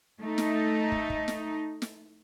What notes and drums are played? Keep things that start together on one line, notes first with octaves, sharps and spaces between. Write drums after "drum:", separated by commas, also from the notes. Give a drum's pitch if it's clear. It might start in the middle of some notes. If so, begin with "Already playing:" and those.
A3 D#4
drum: snare
drum: kick
drum: kick
drum: snare
drum: snare